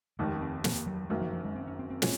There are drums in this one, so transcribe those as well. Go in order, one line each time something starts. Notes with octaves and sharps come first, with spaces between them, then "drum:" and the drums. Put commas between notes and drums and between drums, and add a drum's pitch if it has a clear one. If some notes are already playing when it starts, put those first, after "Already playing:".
F1 D#2 D#3 G#3
C#4
C4
A#3, drum: snare
F#3
F#1 F#2 D#3 G#3 A#3
F3
F3
G#3
C4
C#4
C4
C4
A#2 G#3 C#4, drum: snare